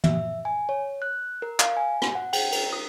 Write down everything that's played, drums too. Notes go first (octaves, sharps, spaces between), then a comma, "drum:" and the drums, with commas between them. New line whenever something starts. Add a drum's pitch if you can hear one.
E5, drum: tom
G#5
C#5
F#6
A#4
F5, drum: clap
G#5
drum: rim click
F#5
G5, drum: cymbal
A#4, drum: cymbal
D#6